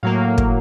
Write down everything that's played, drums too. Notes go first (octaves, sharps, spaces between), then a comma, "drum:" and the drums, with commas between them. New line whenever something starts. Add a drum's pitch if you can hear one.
A2 F#3 A#3 F5
drum: kick